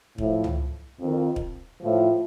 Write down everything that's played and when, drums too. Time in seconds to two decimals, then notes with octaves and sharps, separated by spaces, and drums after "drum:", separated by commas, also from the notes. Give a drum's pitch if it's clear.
0.18 A2 F3, drum: kick
0.44 drum: tom C#2
0.99 F2 D#3
1.36 drum: kick
1.81 A2 F3